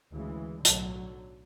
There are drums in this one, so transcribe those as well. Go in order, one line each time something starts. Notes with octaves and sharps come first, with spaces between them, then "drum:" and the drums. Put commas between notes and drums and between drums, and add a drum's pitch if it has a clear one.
D2 C#3 E3 G#3
B1 A2 D3 F#3, drum: hi-hat